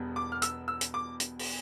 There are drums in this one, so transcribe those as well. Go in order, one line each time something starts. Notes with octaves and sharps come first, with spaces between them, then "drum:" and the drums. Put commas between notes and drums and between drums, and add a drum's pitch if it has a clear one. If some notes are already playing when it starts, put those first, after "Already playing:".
Already playing: E1 E2 B2 G3
D6
F6
E6, drum: hi-hat
E6
drum: hi-hat
D6
drum: hi-hat
drum: open hi-hat